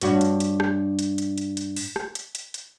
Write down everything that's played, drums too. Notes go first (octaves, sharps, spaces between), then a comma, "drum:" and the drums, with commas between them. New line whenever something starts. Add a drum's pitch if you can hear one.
G2 F#4 C#5, drum: hi-hat
drum: hi-hat
drum: hi-hat
drum: rim click
drum: hi-hat
drum: hi-hat
drum: hi-hat
drum: hi-hat
drum: open hi-hat
drum: rim click
drum: hi-hat
drum: hi-hat
drum: hi-hat